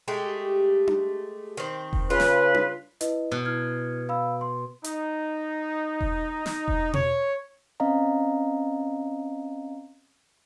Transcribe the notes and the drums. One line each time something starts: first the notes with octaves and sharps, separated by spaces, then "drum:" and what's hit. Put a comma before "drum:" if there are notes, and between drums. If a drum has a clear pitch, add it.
G#3 A3 G4
drum: tom D4
D#3 C4
drum: kick E1
C#3 F4 B4
drum: snare
drum: tom D4
E4 B4 D#5, drum: hi-hat
B2
E4 F6 G#6
F5 B5 E6
C6
D#4, drum: hi-hat
drum: kick E1
drum: snare
drum: kick E1
C#5, drum: tom B2
C4 C#4 D#5 F5 A#5